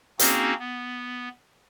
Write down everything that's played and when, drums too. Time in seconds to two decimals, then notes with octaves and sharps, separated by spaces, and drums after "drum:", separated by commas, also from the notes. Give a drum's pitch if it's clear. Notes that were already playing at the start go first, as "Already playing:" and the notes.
0.19 A#3 C4 C#4 D#4 F#4 G#4, drum: hi-hat
0.59 B3